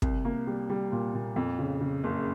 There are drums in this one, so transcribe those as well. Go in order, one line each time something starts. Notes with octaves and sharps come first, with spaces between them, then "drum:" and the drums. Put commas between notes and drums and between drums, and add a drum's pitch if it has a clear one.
C2, drum: kick
A#3
G3
G3
A#2
A#2
F2
C#3
C#3
F#1